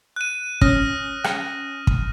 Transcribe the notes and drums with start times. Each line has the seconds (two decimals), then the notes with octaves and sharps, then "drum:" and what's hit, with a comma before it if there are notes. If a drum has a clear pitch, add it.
0.16 F#6 D#7
0.61 C#4 D#6 F6 A#6, drum: kick
1.24 drum: rim click
1.87 drum: kick